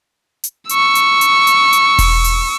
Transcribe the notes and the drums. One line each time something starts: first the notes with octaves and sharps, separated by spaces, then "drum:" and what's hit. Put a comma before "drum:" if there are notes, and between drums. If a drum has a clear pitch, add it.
drum: hi-hat
C#6 E6, drum: hi-hat
drum: hi-hat
drum: hi-hat
drum: hi-hat
drum: hi-hat
drum: kick E1, open hi-hat
drum: open hi-hat